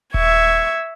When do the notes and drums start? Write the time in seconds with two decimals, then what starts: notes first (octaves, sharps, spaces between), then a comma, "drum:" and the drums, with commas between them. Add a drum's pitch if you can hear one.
0.14 E5 C#6 G#6, drum: kick D#1